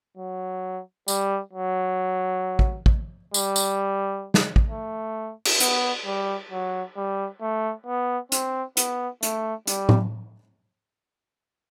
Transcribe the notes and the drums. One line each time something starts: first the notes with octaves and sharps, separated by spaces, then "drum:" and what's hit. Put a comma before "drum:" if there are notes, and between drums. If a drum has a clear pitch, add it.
F#3
G3, drum: tambourine
F#3
drum: kick
drum: kick
G3, drum: tambourine
drum: tambourine
drum: snare
drum: kick
A3
drum: cymbal
B3, drum: hi-hat
G3
F#3
G3
A3
B3
C4, drum: hi-hat
B3, drum: hi-hat
A3, drum: hi-hat
G3, drum: hi-hat
drum: tom A2